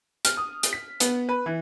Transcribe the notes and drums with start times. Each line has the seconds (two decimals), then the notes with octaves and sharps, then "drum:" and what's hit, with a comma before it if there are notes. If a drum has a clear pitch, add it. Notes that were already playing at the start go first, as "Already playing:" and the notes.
0.25 F6, drum: hi-hat
0.37 D#6
0.63 drum: hi-hat
0.73 B6
1.00 B3, drum: hi-hat
1.29 B4
1.46 E3